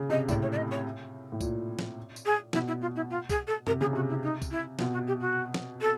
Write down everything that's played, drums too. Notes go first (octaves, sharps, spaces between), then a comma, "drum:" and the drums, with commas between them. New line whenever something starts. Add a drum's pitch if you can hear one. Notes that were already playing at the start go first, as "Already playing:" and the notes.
Already playing: C#3
C3 D#5
A2 D5, drum: kick C2, tambourine
C#5
D5
D#5
C#5
A2
A#2, drum: kick C2, tambourine
drum: snare
drum: tambourine
G#4
B2 E4, drum: snare
E4
F4
E4
F4
G#4, drum: kick C2, tambourine
A4
C3 A#4, drum: tom F#2
C#3 G#4
C3 F#4
E4
D#4
drum: kick C2, tambourine
E4
B2 F4, drum: snare
F#4
G4
F#4
drum: snare
A4